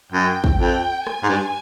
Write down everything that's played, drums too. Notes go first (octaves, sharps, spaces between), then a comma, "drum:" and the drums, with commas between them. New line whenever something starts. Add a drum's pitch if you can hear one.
F#2 G5
drum: kick
F2 G5
G#5, drum: rim click
G#2
G2